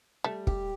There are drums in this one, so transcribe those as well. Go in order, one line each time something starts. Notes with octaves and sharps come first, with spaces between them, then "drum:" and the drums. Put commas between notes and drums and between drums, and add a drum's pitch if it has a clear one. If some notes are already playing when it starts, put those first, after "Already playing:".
G3 A3
G4, drum: kick